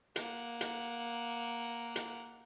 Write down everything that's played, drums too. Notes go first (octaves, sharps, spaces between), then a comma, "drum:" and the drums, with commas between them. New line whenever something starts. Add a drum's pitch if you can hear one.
A#3 F#5, drum: hi-hat
drum: hi-hat
drum: hi-hat